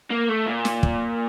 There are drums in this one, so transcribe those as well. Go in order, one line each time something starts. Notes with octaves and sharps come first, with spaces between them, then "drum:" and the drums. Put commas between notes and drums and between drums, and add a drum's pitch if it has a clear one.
A#3
A3
A#2
drum: snare
drum: kick